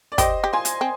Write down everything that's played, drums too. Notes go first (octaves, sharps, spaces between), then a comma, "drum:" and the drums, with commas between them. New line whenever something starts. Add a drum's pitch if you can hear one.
D5
G4 C5 D#5, drum: kick, hi-hat
G4
F4 G#5 C6
drum: hi-hat
C4